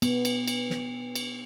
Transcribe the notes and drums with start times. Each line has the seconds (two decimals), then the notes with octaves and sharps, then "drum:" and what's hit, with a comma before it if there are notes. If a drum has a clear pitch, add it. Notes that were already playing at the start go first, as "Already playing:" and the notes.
0.02 B3, drum: cymbal
0.25 drum: cymbal
0.48 drum: cymbal
0.70 drum: snare
1.15 drum: cymbal